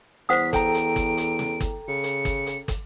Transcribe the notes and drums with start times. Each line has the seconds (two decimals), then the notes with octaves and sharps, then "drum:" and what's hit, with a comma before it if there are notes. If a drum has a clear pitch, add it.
0.29 E2 C5 F#5 D#6 B6
0.53 A4 G5 A#5 D7, drum: kick, hi-hat
0.74 drum: hi-hat
0.96 drum: kick, hi-hat
1.17 drum: hi-hat
1.39 drum: snare
1.60 drum: kick, hi-hat
1.88 C#3 C#7
2.04 drum: hi-hat
2.25 drum: kick, hi-hat
2.47 drum: hi-hat
2.68 drum: kick, hi-hat